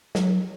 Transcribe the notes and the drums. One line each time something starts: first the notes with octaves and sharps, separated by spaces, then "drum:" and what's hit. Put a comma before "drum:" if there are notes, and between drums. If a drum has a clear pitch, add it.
F#3, drum: snare